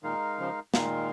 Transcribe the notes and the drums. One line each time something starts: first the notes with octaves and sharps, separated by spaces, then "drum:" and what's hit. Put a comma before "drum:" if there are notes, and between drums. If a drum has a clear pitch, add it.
A#2 D#3 G#3 D#4 A#4 F5
C#3 F3
A#2 D#3 G#3 D#4 A#4 F5, drum: snare